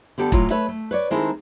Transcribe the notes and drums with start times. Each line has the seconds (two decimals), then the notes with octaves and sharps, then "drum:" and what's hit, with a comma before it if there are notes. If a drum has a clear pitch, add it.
0.18 D3 B3 G4 A4
0.32 A2 F#3 F4, drum: kick E1
0.50 A3 A4 B4 C#5 E5
0.69 A3
0.91 B4 C#5 D5
1.10 D#3 G#3 C4 E4 A4 A#4